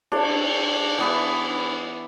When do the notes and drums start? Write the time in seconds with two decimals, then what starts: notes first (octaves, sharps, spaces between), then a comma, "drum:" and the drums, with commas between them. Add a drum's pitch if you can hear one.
0.12 D4 C#5, drum: cymbal
0.98 E3 B3 E5